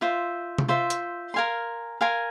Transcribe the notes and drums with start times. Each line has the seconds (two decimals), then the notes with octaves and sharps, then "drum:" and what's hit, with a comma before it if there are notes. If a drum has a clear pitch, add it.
0.01 F4 C5 E5
0.58 drum: tom C3
0.68 F4 C5 E5
0.90 drum: hi-hat
1.34 A#4 F5 G#5 C6
2.01 A#4 F5 G#5 C6